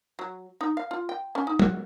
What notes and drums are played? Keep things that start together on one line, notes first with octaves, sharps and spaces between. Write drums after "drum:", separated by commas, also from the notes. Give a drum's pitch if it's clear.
F#3
D#4
F5
F4
G5
C#4
D#4
F#4, drum: tom